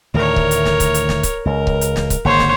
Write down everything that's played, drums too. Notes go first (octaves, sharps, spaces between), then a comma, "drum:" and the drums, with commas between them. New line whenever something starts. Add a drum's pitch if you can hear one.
D2 A2 D#3 A#4 C#5
drum: kick C#1
drum: hi-hat
drum: snare
drum: kick C#1, hi-hat
drum: hi-hat
drum: snare
drum: kick C#1, hi-hat
C#2 A#4
drum: kick C#1
drum: hi-hat
drum: snare
drum: kick C#1, hi-hat
G#1 D3 A#3 C5 C#5
drum: snare